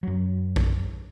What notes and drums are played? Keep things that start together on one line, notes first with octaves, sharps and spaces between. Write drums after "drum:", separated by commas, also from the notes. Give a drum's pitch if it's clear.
F#2 F#3
drum: kick